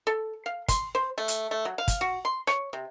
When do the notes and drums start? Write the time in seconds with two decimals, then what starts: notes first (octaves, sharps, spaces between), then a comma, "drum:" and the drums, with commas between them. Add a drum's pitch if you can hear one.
0.07 A4
0.46 F5
0.68 C6, drum: kick, hi-hat
0.95 C5
1.18 A3
1.28 drum: hi-hat
1.51 A3
1.65 F#3
1.78 F5
1.88 drum: kick, hi-hat
2.01 F#4
2.25 C6
2.47 C#5, drum: rim click
2.73 C3